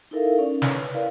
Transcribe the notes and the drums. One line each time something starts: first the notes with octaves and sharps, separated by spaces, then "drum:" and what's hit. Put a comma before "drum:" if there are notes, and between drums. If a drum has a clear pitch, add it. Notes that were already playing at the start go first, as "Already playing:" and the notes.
D#4 E4 A4 A#4 E5 F5
C#4 D5
B4 C#5, drum: snare
E4 A#4 B4 D5 F5